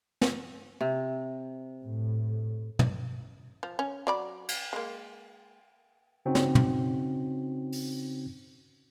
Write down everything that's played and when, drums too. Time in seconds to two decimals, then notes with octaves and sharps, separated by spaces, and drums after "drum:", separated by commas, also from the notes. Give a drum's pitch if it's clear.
0.21 drum: snare
0.81 C3
1.84 A2
2.79 drum: tom
3.63 F3
3.79 C#4
4.07 F#3 D5 B5
4.49 drum: cymbal
4.73 G#3 A#3
6.26 C#3 C4 C#4 D#4 F#4
6.35 drum: snare
6.55 drum: tom
7.73 drum: open hi-hat